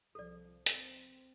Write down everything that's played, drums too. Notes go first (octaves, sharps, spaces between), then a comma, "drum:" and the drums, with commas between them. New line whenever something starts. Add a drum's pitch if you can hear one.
C2 F3 A4 D5
C4, drum: hi-hat